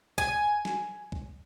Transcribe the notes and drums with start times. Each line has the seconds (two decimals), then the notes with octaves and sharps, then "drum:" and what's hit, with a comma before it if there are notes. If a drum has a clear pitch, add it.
0.18 G#5, drum: kick
0.65 drum: snare
1.12 drum: kick